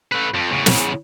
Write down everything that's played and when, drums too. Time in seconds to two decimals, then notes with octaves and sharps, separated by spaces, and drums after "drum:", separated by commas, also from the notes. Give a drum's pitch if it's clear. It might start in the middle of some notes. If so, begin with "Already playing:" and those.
0.12 A3 B4
0.35 F2
0.52 E2 C#3
0.66 drum: snare